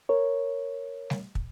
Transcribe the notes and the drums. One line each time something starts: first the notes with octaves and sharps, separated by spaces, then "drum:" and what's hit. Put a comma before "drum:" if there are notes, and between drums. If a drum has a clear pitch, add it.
A#4 C#5
drum: snare
drum: kick